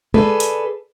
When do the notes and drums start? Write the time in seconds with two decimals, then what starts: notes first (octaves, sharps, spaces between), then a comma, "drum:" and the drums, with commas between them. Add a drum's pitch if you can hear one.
0.14 G#4 A4 B4 D5, drum: tom G#3
0.40 drum: hi-hat